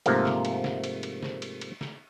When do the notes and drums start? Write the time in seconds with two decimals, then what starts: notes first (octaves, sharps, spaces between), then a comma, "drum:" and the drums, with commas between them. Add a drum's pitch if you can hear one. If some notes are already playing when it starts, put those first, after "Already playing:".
0.06 G#2 C3 F3 A3 A#3, drum: cymbal
0.25 drum: snare
0.45 drum: cymbal
0.64 drum: snare
0.84 drum: cymbal
1.03 drum: cymbal
1.23 drum: snare
1.42 drum: cymbal
1.61 drum: cymbal
1.81 drum: snare